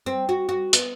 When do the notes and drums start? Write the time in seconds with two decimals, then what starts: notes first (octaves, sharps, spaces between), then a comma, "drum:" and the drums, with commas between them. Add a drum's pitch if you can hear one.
0.06 C4
0.29 F#4
0.49 F#4
0.73 B3, drum: hi-hat